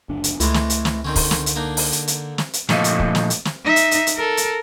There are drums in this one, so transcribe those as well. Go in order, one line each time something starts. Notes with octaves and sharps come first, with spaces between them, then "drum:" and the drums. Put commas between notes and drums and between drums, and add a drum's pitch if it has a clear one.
F#1 D2 D4
drum: hi-hat
C#2 A2 E3 G#3 A3, drum: hi-hat
drum: snare
drum: hi-hat
drum: snare
D3 D#3 C4 C#4
drum: kick, open hi-hat
drum: snare
drum: hi-hat
A#3 D4 D#4
drum: open hi-hat
drum: hi-hat
drum: hi-hat
drum: snare
drum: hi-hat
A#2 F3 A3 D#5 F5, drum: snare
drum: hi-hat
drum: kick
drum: snare
drum: hi-hat
drum: snare
D#4 E5
drum: hi-hat
drum: hi-hat
drum: hi-hat
A4 A#4
drum: hi-hat